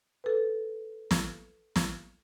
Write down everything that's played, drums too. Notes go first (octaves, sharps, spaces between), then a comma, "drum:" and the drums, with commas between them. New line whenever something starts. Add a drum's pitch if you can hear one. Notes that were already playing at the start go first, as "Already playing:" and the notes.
A4 B4
drum: snare
drum: snare